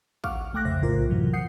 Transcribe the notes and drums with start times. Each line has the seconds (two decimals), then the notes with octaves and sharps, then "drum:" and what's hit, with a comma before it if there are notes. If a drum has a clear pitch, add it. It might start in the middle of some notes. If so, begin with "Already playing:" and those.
0.24 F5 F#5 C#6 D6 F6, drum: kick
0.53 C2 A3 G5 D6 F#6 A#6
0.65 F2 C#3 C5 E5 A#6
0.82 B1 A2 C#3 F4 A#4 C5
1.09 F#2 A2 C3 E3 F#3
1.33 F#5 D#6 G6 C7 C#7